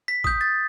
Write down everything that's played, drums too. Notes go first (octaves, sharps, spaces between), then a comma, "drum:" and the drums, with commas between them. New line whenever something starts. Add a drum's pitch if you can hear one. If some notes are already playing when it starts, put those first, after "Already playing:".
B6
D#6 G6, drum: kick
A6